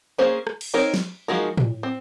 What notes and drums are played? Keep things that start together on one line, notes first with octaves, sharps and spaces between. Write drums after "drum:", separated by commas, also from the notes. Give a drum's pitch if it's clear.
A#3 C#4 G#4 C5
drum: rim click
drum: cymbal
C4 D#4 A#4 C#5
drum: snare
F3 G#3 D#4 F#4 A#4
drum: tom A2
C4